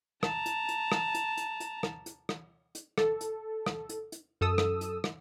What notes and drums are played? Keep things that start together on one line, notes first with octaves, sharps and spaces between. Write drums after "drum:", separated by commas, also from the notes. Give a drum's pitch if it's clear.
A5 A#5, drum: rim click
drum: hi-hat
drum: hi-hat
drum: rim click
drum: hi-hat
drum: hi-hat
drum: hi-hat
drum: rim click
drum: hi-hat
drum: rim click
drum: hi-hat
A4, drum: rim click
drum: hi-hat
drum: rim click
drum: hi-hat
drum: hi-hat
F#2 A4 D#6 E6
drum: rim click
drum: hi-hat
drum: rim click